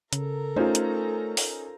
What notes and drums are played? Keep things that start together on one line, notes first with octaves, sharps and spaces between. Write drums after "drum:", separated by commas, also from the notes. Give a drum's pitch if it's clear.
C#3 A4 A#4 A#5, drum: hi-hat
A3 C#4 D#4 F4 C5
drum: hi-hat
drum: open hi-hat